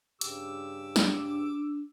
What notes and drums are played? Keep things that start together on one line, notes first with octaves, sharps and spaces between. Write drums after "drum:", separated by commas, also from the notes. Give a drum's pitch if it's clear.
G2 C#3 G4 D6 E6, drum: hi-hat
D4, drum: snare